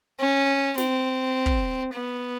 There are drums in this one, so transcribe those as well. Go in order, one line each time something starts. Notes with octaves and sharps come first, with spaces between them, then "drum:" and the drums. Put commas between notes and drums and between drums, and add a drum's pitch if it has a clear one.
C#4
C4, drum: snare
drum: kick
B3